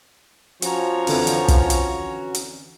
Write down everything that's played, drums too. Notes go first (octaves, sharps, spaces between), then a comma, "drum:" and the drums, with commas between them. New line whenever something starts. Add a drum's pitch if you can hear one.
F3 C#4 F#4 C#5 A#5, drum: hi-hat
F2 D3 E3, drum: open hi-hat
drum: hi-hat
drum: kick, hi-hat
drum: hi-hat
drum: hi-hat